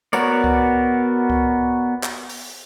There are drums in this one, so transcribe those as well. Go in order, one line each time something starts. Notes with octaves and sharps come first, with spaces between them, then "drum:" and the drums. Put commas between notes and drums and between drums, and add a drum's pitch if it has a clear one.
B3 F#4 A#4 C#5 D5, drum: tambourine
drum: kick C#2
drum: kick C#2
drum: clap
drum: open hi-hat